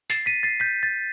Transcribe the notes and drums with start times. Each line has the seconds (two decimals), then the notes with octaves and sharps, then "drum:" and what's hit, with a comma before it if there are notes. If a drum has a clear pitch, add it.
0.10 A6 C7, drum: tambourine
0.26 B6 D#7
0.43 A6 C7
0.60 G6 B6
0.83 A6